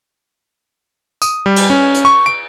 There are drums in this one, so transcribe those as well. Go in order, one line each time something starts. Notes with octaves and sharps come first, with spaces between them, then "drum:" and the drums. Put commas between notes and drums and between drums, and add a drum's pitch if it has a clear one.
D#6, drum: tambourine
G3
drum: cymbal
C#4
drum: hi-hat
C#6
D7